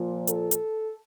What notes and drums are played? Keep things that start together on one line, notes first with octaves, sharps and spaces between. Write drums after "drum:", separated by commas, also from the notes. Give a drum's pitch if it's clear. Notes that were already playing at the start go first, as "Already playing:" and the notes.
Already playing: A#2 F3
A4, drum: hi-hat
drum: hi-hat